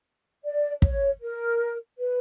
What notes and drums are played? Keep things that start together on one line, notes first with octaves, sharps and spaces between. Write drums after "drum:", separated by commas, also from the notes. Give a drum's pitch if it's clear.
D5
C#5, drum: kick
A#4
B4